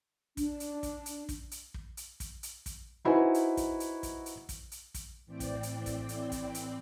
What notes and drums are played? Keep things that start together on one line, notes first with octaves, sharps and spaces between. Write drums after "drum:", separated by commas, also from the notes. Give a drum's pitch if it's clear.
D4, drum: kick, hi-hat
drum: hi-hat
drum: kick, hi-hat
drum: hi-hat
drum: kick, hi-hat
drum: hi-hat
drum: kick
drum: hi-hat
drum: kick, hi-hat
drum: hi-hat
drum: kick, hi-hat
D#4 E4 F#4 B4 C5 G#5
drum: hi-hat
drum: kick, hi-hat
drum: hi-hat
drum: kick, hi-hat
drum: hi-hat
drum: kick, hi-hat
drum: hi-hat
drum: kick, hi-hat
A2 E3 C4 D5 G5
drum: kick, hi-hat
drum: hi-hat
drum: kick, hi-hat
drum: hi-hat
drum: kick, hi-hat
drum: hi-hat